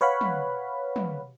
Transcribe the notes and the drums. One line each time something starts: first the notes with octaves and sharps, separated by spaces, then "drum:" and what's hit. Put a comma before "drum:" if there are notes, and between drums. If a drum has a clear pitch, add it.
B4 C#5 F5 F#5 B5
drum: tom
drum: tom